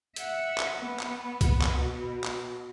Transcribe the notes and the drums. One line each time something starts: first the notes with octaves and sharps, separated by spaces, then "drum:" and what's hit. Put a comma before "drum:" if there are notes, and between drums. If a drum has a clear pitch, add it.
E5 F#5, drum: hi-hat
drum: clap
B3
drum: clap
drum: kick C2, hi-hat
drum: clap
B2
drum: clap